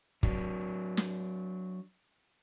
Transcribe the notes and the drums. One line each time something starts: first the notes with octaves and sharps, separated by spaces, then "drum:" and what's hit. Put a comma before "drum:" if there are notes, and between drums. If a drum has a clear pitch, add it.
F#3 D4, drum: kick
drum: snare